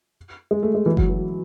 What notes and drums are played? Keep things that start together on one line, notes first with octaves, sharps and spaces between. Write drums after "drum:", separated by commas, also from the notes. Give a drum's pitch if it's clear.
G#3
A3
G#3
E3
F#3, drum: kick F#1
E3